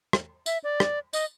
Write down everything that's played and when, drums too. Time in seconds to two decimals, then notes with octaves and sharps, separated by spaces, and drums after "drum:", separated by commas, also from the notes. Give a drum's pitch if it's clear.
0.13 drum: rim click
0.46 E5, drum: tambourine
0.64 D5
0.80 drum: rim click
1.13 D#5, drum: tambourine